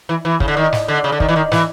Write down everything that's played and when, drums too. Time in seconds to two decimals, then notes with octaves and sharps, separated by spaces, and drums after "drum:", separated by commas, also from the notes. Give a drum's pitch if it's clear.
0.09 E3
0.25 E3
0.40 C#3, drum: kick
0.48 D3
0.57 D#3
0.73 drum: snare
0.88 D3
1.04 C#3
1.12 D3
1.20 D#3, drum: kick
1.29 E3
1.36 D#3
1.52 E3, drum: snare